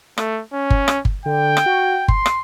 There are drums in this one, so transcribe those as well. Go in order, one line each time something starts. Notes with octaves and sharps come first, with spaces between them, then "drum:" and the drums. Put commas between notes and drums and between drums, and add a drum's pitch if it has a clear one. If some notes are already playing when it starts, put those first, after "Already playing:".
A3, drum: rim click
C#4
drum: kick G1
drum: rim click
drum: kick G1
D3 G5
drum: rim click
F#4
C6, drum: kick G1
drum: rim click